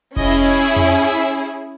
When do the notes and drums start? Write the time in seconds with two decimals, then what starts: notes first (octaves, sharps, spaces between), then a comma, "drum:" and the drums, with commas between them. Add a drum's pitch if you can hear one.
0.16 C#4 E4 G#4 D#5, drum: kick F1
0.61 E5
0.76 drum: tom F2
1.07 E5